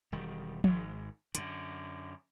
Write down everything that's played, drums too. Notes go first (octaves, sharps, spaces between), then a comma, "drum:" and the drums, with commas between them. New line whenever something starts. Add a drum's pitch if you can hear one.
E1 D#3 G3
G#1 G#2, drum: tom F3
F#2 D3, drum: hi-hat